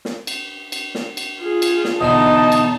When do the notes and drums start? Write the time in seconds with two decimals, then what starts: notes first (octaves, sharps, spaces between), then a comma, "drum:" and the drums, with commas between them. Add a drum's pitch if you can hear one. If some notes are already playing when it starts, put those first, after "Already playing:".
0.05 drum: snare
0.27 drum: cymbal
0.72 drum: cymbal
0.95 drum: snare
1.17 drum: cymbal
1.40 F4 G#4
1.62 drum: cymbal
1.84 drum: snare
2.01 E2 B2 D3 D#4 D#5 A5
2.52 drum: cymbal